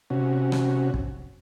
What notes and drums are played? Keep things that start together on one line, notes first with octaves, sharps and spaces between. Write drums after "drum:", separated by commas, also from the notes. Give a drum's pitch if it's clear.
C3 C#4 F#4
drum: rim click
drum: kick